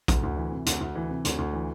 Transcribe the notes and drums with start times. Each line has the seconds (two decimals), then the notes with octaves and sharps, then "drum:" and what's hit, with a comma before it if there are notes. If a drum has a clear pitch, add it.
0.08 D2, drum: kick A#1, hi-hat
0.23 D2
0.37 E3
0.52 C3
0.66 D2, drum: hi-hat
0.81 D2
0.95 E3
1.09 C3
1.25 D2, drum: hi-hat
1.38 D2
1.53 E3